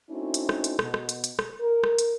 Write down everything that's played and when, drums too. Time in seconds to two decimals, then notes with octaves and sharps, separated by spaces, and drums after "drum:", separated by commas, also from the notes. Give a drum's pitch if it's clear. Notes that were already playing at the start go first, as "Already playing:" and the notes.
0.10 A3 C4 C#4 D#4 E4 F#4
0.34 drum: hi-hat
0.49 drum: rim click
0.64 drum: hi-hat
0.79 B2, drum: rim click
0.94 drum: rim click
1.09 drum: hi-hat
1.24 drum: hi-hat
1.39 drum: rim click
1.61 A#4
1.84 drum: rim click
1.98 drum: hi-hat